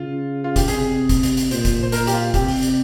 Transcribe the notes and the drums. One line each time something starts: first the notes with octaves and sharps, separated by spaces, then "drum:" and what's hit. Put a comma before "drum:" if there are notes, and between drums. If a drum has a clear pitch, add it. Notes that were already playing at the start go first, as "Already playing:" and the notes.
Already playing: C#3 F4
F4
G4, drum: kick, hi-hat
C3 G#4, drum: hi-hat
drum: kick, hi-hat
drum: hi-hat
drum: hi-hat
A#2 C5, drum: hi-hat
drum: kick, hi-hat
C5
A#2 A#4, drum: hi-hat
G4, drum: hi-hat
F4
C3 G4, drum: kick, hi-hat
drum: open hi-hat
drum: hi-hat